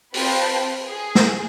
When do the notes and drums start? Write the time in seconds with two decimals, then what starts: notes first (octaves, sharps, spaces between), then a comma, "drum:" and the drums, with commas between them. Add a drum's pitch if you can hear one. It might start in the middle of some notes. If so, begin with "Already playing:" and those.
0.14 C4 F4 B4 C5 G5 A5, drum: open hi-hat
0.88 G#4
1.15 drum: snare